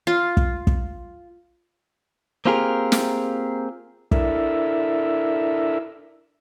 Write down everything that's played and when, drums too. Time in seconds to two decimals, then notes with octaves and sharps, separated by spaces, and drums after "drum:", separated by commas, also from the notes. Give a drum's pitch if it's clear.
0.07 F4
0.37 drum: kick
0.67 drum: kick
2.46 A#3 C4 F4 G4 G#4 A#4
2.92 drum: snare
4.11 D4 E4 A4 A#4 E5, drum: kick